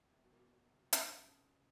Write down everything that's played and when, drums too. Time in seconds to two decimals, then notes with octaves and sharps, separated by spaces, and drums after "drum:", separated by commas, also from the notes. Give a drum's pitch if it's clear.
0.10 C3
0.23 B2
0.33 A#2
0.38 B2
0.51 B2
0.65 C3
0.79 B2
0.93 B2, drum: hi-hat
1.06 B2
1.20 C#3